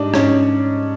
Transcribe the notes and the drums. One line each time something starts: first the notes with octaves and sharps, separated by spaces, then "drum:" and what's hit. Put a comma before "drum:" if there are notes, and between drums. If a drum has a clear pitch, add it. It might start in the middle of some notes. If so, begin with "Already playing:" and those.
Already playing: G#2 G3 D4 D#4 D5 D#5
G#2 C#4 C#5, drum: rim click